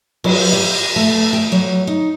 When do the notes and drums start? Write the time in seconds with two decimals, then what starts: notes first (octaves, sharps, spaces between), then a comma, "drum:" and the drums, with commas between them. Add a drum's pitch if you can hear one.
0.24 F#3, drum: cymbal
0.53 G4
0.96 A3
1.33 G5
1.52 F#3
1.87 D#4